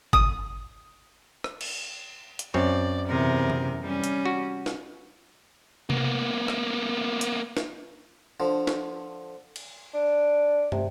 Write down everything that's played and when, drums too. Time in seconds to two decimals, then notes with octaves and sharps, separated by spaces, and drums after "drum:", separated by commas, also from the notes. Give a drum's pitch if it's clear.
0.13 D#6, drum: kick G1
1.44 drum: rim click
1.61 drum: cymbal
2.39 drum: hi-hat
2.54 F#2 C4 C#5 D5
3.08 E2 C3 A#4
3.50 drum: tom C3
3.83 G3 C#4
4.04 drum: hi-hat
4.26 F#4
4.66 drum: snare
5.90 A#3 B3, drum: tom C3
6.48 drum: rim click
7.21 drum: hi-hat
7.57 drum: snare
8.40 D3 F3
8.67 drum: snare
9.56 drum: cymbal
9.94 D4
10.72 C3, drum: tom